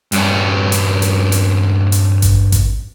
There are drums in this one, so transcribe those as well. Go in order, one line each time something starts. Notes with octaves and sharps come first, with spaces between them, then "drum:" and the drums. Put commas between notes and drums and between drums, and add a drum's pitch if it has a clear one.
G2 C#4, drum: hi-hat
drum: hi-hat
drum: hi-hat
drum: hi-hat
drum: hi-hat
drum: kick G#1, hi-hat
drum: kick G#1, hi-hat